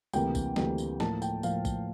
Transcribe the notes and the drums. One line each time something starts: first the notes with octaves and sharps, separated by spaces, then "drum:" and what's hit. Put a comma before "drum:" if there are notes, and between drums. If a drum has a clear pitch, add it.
D2 C3 E3 G3 A#3 G5, drum: tambourine
drum: kick A#1, tambourine
D2 C3 E3 G3 A#3, drum: snare
drum: tambourine
A2 F3 A#3 A5, drum: snare
G5, drum: tambourine
A2 F3 A#3 F5, drum: tambourine
drum: kick A#1, tambourine